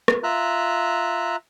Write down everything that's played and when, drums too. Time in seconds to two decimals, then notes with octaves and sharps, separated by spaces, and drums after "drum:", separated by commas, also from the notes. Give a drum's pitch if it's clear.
0.08 drum: rim click
0.23 F4 E5 A#5 F#6